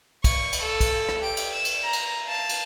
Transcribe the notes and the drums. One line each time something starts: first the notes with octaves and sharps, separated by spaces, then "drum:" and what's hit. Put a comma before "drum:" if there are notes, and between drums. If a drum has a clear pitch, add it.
C#6, drum: kick, cymbal
drum: cymbal
A4
drum: kick, cymbal
drum: rim click
G4 D7
drum: cymbal
E7
drum: cymbal
A#5
drum: cymbal
F5 A5
drum: cymbal